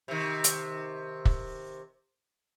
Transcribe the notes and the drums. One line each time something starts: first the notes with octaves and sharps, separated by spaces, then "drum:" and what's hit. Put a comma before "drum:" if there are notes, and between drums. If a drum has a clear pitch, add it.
C3 D#3
drum: hi-hat
drum: kick